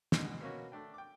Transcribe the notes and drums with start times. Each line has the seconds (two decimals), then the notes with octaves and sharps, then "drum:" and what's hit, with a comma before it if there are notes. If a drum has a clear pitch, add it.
0.12 D2 B2 G#3, drum: snare
0.40 B2 A#3 C#4 F#4
0.72 A3 D4 G5
0.94 G5 D6